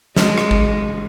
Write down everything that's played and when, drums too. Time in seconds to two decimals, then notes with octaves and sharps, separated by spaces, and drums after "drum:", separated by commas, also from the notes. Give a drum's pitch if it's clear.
0.16 G#3, drum: snare
0.38 drum: rim click
0.51 drum: kick G#1